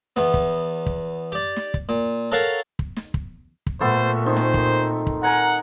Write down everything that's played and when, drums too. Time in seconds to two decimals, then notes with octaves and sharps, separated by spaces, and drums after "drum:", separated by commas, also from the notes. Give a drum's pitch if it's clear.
0.16 E2 B3, drum: snare
0.34 drum: kick
0.86 drum: kick
1.32 G4 D5
1.56 drum: snare
1.74 drum: kick
1.89 A#2
2.32 A4 A#4 C#5 F5 F#5 A5
2.79 drum: kick
2.96 drum: snare
3.14 drum: kick
3.67 drum: kick
3.80 A#2 A3 B3 A4 C5
4.26 D#3 C4 D#4 C5
4.37 drum: snare
4.54 drum: kick
5.07 drum: kick
5.23 A#4 F#5 G#5 A#5